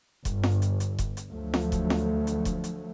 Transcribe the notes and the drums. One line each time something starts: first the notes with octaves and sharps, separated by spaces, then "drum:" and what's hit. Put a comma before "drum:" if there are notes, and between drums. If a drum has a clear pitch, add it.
G1, drum: kick E1, hi-hat
drum: snare
drum: hi-hat
drum: hi-hat
drum: kick E1, hi-hat
drum: hi-hat
D2 F3 F#3 A3
drum: snare
drum: kick E1, hi-hat
drum: snare
drum: hi-hat
drum: kick E1, hi-hat
drum: hi-hat